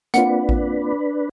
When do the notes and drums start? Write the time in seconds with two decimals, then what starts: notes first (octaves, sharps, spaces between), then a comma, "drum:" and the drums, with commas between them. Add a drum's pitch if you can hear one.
0.14 A#3 C4 D4 F4 B4 F#5, drum: hi-hat
0.49 drum: kick A1